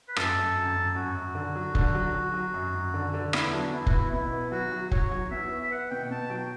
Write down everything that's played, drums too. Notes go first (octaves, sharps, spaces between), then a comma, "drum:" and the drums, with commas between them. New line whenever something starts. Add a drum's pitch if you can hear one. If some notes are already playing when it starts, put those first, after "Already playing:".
B4
F#2 A4, drum: rim click
F#2
F#2
F#2
F#2 F#4
F#2
D3
F#3
D3, drum: kick F1
F#3
F#3
F#3
F#2
F#2
D3
D3
E2 E4, drum: rim click
F#3 D4
E2 E4
F#4, drum: kick F1
B3 E4
B2 E4
B3
F#3 F#4
F#3
F#3 C#5, drum: kick F1
F#3
E2 E5
B3
E5
B3 F#5
B2 G5
G5
B2 A5
F#3 G5